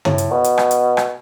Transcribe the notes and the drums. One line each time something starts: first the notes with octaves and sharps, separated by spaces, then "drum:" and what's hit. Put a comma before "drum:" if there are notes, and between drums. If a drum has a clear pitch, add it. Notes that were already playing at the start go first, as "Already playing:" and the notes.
A2, drum: tom
drum: hi-hat
B2
drum: hi-hat
drum: rim click
drum: hi-hat
drum: rim click